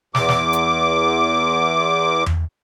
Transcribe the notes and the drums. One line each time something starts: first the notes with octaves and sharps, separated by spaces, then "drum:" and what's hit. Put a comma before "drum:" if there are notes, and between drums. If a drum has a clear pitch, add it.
E2 D6, drum: snare
drum: snare
drum: hi-hat
drum: tom E2